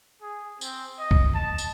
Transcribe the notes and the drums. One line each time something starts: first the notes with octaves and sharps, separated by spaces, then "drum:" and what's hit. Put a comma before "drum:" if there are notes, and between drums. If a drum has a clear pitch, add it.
G#4
C4, drum: tambourine
D#5
drum: kick C2
A5
drum: tambourine